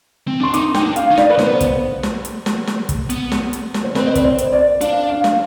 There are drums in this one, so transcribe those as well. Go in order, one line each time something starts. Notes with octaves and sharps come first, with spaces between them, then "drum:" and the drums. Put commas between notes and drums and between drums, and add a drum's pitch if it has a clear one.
C4
D4 C6
D#4 D6, drum: hi-hat
D#4 G5, drum: snare
D4
F5, drum: hi-hat
D#4
D5, drum: snare
B4
B3 C5, drum: snare
drum: kick, hi-hat
drum: snare
drum: hi-hat
drum: snare
drum: snare
drum: kick, hi-hat
B3, drum: hi-hat
drum: snare
drum: hi-hat
drum: snare
C5
C4 B4, drum: snare
D#5
D5, drum: kick, hi-hat
C5
drum: hi-hat
D5
D4 F5, drum: hi-hat
F5
drum: snare